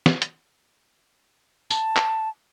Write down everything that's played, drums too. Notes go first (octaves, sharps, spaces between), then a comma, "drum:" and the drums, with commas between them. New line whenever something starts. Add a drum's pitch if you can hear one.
drum: snare
drum: hi-hat
A5, drum: tambourine
drum: clap